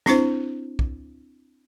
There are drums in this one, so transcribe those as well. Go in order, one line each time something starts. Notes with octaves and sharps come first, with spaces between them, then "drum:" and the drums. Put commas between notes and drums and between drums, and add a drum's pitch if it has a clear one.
C4 D4 E4 C5, drum: snare
drum: kick